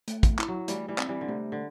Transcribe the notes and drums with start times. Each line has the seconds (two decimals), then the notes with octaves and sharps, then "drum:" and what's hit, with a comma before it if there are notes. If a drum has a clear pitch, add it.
0.08 A3, drum: hi-hat
0.23 drum: kick, hi-hat
0.39 E4, drum: clap
0.48 F#3
0.68 E3 G3 A3, drum: hi-hat
0.88 E3 G3
0.98 C4, drum: clap
1.09 E3 G3
1.21 D3
1.28 C3 A3
1.52 D3